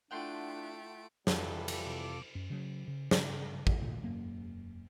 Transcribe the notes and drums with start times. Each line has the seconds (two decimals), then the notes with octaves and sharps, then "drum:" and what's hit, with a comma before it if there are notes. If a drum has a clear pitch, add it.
0.11 A3 D4 E4 F4 F#5 G5 C6 D7
1.27 F2 E3 F3 G3 F4 A4, drum: snare
1.68 drum: cymbal
1.86 C3 D6
2.35 F#2
2.50 C#3 F#3
2.88 C#3
3.11 G2 C#3, drum: snare
3.67 drum: kick
3.82 D2 A#2
4.02 E1 F#2 F#3 A#3